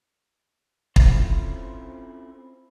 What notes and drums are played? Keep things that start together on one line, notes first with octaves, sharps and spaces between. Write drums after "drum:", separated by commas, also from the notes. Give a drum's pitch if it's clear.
C4 C#4 E4 F4 A4 C5, drum: kick